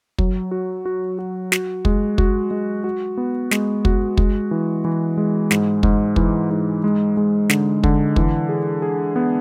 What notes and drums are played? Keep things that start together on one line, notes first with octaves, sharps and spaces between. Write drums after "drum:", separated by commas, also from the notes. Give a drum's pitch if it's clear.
F#3, drum: kick
F#4
F#4
F#4
F#4, drum: snare
G#3, drum: kick
F#4, drum: kick
G#3
F#4
B3
G#3, drum: snare
F#4, drum: kick
G#3, drum: kick
E3
E3
G#3
G#2, drum: snare
G#2, drum: kick
E3, drum: kick
G#2
G#3
G#3
D3, drum: snare
D3, drum: kick
E3, drum: kick
G#4
G#4
B3